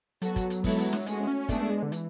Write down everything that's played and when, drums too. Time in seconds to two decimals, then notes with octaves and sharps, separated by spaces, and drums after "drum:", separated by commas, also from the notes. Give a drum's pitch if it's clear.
0.22 F#3 B3 F#4 A4, drum: hi-hat
0.36 drum: kick, hi-hat
0.50 drum: hi-hat
0.64 G#3 B3 E4 A4, drum: kick, open hi-hat
0.78 drum: hi-hat
0.93 drum: snare
1.06 G#3 A3 C#4 F#4, drum: hi-hat
1.28 C#4
1.49 G#3 A3 B3 D4 G#4, drum: kick, hi-hat
1.70 G#3
1.83 D3
1.92 E3, drum: hi-hat